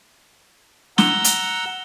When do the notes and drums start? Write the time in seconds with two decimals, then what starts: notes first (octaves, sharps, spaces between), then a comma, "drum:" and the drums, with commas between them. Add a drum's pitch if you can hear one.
0.98 F#5 A#5 E6 G7, drum: snare
1.24 drum: hi-hat